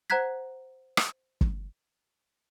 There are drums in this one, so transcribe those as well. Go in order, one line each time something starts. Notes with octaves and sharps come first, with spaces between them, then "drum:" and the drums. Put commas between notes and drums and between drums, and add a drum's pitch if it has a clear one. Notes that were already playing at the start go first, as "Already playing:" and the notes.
C5 F#5 A#5 F#6 G#6 B6
drum: rim click
drum: kick